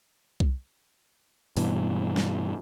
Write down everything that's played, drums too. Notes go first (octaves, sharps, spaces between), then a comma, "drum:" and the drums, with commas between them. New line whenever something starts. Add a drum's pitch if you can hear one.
drum: kick C2
G2 B2 E3, drum: open hi-hat
drum: snare